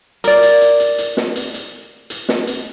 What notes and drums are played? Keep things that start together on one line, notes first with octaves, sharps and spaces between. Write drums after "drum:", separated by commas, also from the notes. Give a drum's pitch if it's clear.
A#4 D5, drum: hi-hat
drum: hi-hat
drum: hi-hat
drum: hi-hat
drum: hi-hat
drum: snare
drum: hi-hat
drum: hi-hat
drum: hi-hat
drum: snare
drum: hi-hat